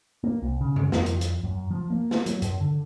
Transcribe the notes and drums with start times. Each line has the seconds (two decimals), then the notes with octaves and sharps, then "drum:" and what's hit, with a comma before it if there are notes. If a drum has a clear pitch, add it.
0.24 A#3
0.42 C2
0.61 C#3
0.76 drum: tom F#2
0.92 F2, drum: snare
1.06 drum: hi-hat
1.21 drum: hi-hat
1.43 F#2
1.71 F3
1.90 A#3
2.11 drum: snare
2.26 F#3, drum: hi-hat
2.42 F#2, drum: hi-hat
2.60 D3